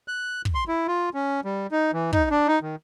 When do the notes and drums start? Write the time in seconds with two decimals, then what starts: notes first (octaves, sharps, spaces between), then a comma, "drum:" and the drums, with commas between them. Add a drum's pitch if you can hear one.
0.08 F#6
0.45 drum: kick
0.55 C6
0.68 E4
0.88 F4
1.14 C#4
1.45 G3
1.72 D#4
1.93 E3
2.13 D#4, drum: kick
2.31 D4
2.47 D#4
2.62 D#3